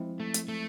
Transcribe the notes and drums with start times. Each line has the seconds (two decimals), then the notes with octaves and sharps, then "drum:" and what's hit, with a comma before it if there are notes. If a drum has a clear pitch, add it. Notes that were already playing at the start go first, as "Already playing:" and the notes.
Already playing: F3 G#3 C4 E4
0.20 A3
0.34 drum: hi-hat
0.48 A3